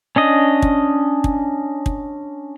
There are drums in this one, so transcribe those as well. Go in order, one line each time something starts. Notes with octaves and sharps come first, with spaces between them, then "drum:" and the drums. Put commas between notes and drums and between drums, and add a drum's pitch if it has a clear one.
C#4 D4 D#5
drum: kick
drum: kick
drum: kick